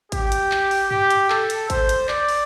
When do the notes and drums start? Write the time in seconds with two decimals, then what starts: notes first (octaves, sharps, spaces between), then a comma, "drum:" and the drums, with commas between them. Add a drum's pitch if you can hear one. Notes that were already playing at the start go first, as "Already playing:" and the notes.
0.12 G4, drum: kick, hi-hat
0.32 drum: hi-hat
0.51 drum: clap
0.71 drum: open hi-hat
0.91 G4, drum: tom F#2
1.10 drum: hi-hat
1.30 A4, drum: clap
1.50 drum: hi-hat
1.70 C5, drum: kick, hi-hat
1.89 drum: hi-hat
2.09 D5, drum: clap
2.29 drum: open hi-hat